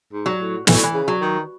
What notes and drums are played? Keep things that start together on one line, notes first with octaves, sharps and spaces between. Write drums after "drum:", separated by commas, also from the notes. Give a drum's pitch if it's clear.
G#2
F#3
A2
A2 E3, drum: snare
F#3
E3
C#3
F#3
D#3